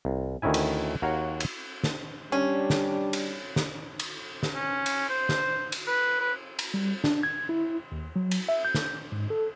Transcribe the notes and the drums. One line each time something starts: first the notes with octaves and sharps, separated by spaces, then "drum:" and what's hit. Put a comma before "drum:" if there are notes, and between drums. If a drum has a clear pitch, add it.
C2
D2 D#3 C#4 E4 G#5
drum: cymbal
D#2 F#4 C#5 F5 F#5 A#5
drum: cymbal
drum: snare
G3 C#4 D4
drum: snare
drum: cymbal
drum: snare
drum: cymbal
drum: snare
C#4
drum: cymbal
C5
drum: snare
drum: cymbal
B4
B4
drum: cymbal
G3
D4, drum: snare
G#6
E4
D#2
F#3
drum: cymbal
E5
G6
drum: snare
G#2
A4